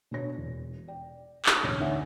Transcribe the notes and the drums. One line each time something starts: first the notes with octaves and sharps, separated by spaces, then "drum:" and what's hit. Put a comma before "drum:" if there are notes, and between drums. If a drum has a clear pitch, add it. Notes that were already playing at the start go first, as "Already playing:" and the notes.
B2 D4 C#5 A#6
E1
D5 G5
drum: clap
E1 A1 D3 C#5 D5 A#6
D2 D#4 C#5 E5 F#5 G#5